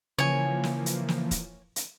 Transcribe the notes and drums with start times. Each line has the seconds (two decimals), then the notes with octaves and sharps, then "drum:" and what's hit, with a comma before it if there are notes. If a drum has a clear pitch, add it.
0.19 C#3 E3 F3 A#3 C#5 G#5
0.63 drum: snare
0.86 drum: hi-hat
1.08 drum: snare
1.31 drum: kick, hi-hat
1.76 drum: hi-hat